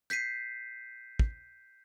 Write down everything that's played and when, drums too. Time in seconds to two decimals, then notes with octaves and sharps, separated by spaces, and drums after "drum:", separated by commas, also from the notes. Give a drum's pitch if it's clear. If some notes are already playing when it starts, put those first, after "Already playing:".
0.10 G6 B6 C7 D#7, drum: hi-hat
1.19 drum: kick